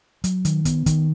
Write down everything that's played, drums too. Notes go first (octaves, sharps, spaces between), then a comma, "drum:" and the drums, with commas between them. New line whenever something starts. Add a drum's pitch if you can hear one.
F#3, drum: hi-hat
D#3, drum: hi-hat
B3, drum: kick, hi-hat
D#3, drum: kick, hi-hat